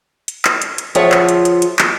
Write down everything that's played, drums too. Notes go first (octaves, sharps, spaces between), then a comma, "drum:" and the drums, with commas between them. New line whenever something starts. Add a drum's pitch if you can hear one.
drum: hi-hat
drum: clap
drum: hi-hat
drum: hi-hat
F3 F4 G#4 C#5 E5 F#5, drum: hi-hat
drum: clap
drum: hi-hat
drum: hi-hat
drum: hi-hat
drum: clap